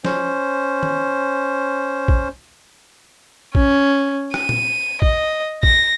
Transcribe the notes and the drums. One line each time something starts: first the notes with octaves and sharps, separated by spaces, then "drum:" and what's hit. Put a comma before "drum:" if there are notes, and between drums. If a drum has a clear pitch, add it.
C#4 C5, drum: snare
drum: tom
drum: kick
C#4, drum: kick
D#7, drum: rim click
drum: tom
D#5, drum: kick
A#6, drum: kick